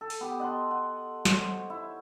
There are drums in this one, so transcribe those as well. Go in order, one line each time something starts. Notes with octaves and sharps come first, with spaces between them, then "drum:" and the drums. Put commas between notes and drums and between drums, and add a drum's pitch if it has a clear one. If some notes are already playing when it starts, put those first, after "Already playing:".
A4
drum: open hi-hat
B3 G4
D#5 F#5 A5 C6
F#5
C5 C#5, drum: snare
E4